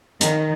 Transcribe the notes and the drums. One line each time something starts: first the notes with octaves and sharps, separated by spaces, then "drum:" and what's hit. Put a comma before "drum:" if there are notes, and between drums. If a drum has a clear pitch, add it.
D#3, drum: hi-hat